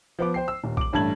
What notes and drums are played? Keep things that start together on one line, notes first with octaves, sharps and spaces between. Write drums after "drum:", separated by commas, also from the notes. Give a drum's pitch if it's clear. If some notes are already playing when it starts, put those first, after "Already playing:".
F3 B3 D6
C5 G5 C7
E6
D#1
D6 F#7, drum: kick A#1
A1 G2 A3 A5 G#6 F#7